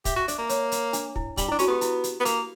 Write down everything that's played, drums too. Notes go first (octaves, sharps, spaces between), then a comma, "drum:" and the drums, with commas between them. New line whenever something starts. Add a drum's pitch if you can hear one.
G4 E5, drum: kick, hi-hat
F#4
D4 D5, drum: hi-hat
A#3
C#5, drum: hi-hat
drum: hi-hat
D4, drum: hi-hat
E4, drum: kick
G3 D4, drum: kick, hi-hat
D4 E4
C#4 F#4, drum: hi-hat
B3 G4
E4, drum: hi-hat
drum: hi-hat
B3
A#3, drum: hi-hat